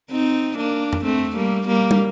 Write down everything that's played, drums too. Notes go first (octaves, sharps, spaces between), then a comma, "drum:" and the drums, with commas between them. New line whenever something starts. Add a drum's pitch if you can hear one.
C4 D#4
A#3 D4
drum: tom F2
A3 C4
G3 A#3
G3 A#3
drum: tom